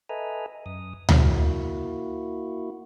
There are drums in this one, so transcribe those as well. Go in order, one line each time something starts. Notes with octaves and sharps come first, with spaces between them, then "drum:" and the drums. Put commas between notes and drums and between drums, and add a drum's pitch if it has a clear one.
A4 B4 D#5 E5 G#5 A#5
F#2 D#6
A#3 E4 F#4, drum: tom D2